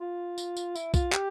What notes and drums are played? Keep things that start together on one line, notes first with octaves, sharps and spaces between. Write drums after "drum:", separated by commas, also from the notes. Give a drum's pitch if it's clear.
F4
drum: tambourine
drum: tambourine
E4, drum: tambourine
F4, drum: kick B1, tambourine
G4, drum: clap